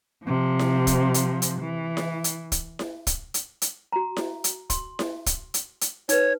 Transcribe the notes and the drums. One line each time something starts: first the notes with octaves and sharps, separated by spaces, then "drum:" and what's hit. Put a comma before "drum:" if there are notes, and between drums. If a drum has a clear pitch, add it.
C3 F3
drum: snare E4
drum: kick, hi-hat
drum: hi-hat
drum: hi-hat
E3
drum: snare E4
drum: hi-hat
drum: kick, hi-hat
drum: snare E4
drum: kick, hi-hat
drum: hi-hat
drum: hi-hat
F#4 A#5
drum: snare E4
drum: hi-hat
C6, drum: kick, hi-hat
drum: snare E4
drum: kick, hi-hat
drum: hi-hat
drum: hi-hat
D#4 B4 C#5, drum: hi-hat